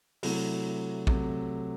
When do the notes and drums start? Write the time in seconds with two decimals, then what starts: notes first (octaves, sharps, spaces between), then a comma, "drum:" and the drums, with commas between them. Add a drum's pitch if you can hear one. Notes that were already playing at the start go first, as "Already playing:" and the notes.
0.23 C3 F#3 A3 E4, drum: open hi-hat
1.07 C3 F#3 A3, drum: kick